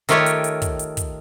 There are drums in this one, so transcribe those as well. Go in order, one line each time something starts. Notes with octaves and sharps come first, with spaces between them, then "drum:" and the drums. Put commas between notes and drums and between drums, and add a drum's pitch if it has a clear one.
D#3 A3 F4 G4 C#5, drum: hi-hat
drum: hi-hat
drum: hi-hat
drum: kick, hi-hat
drum: hi-hat
drum: kick, hi-hat